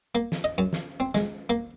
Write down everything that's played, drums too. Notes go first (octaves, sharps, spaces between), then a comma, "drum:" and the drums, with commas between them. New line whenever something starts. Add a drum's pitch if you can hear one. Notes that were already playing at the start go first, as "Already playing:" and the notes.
A#3
drum: snare
D#5
F#2
drum: snare
C4
G#3, drum: snare
A#3